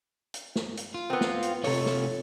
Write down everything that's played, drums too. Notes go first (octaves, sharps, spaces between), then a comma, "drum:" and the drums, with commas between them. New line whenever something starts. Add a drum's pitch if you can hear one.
drum: hi-hat
drum: snare
drum: hi-hat
F4
B3 C4
drum: snare
drum: hi-hat
C3 F3 A4 C#5, drum: open hi-hat
drum: snare